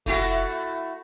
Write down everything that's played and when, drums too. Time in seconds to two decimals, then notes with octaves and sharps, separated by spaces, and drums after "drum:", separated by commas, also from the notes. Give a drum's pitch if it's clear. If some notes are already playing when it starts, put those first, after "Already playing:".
0.06 A3 E4 F#4, drum: kick F1